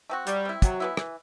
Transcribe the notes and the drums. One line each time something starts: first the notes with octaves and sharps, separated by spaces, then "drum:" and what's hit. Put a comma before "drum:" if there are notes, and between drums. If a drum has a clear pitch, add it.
A3 C4 F#4
F#3 G3, drum: hi-hat
C4 E4
C3 F#3, drum: kick, hi-hat
E3 B3 E4
E3, drum: rim click